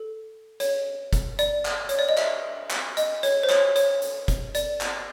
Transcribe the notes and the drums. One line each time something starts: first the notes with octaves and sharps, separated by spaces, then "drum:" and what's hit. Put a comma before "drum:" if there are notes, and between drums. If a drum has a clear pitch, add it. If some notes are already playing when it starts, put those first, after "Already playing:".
Already playing: A4
C#5, drum: hi-hat
drum: kick, hi-hat
D5, drum: hi-hat
drum: clap
C#5, drum: hi-hat
D5
D#5
E5, drum: clap
drum: clap
D#5, drum: hi-hat
C#5, drum: hi-hat
C5
C#5, drum: clap
C#5, drum: hi-hat
drum: hi-hat
drum: kick, hi-hat
D5, drum: hi-hat
drum: clap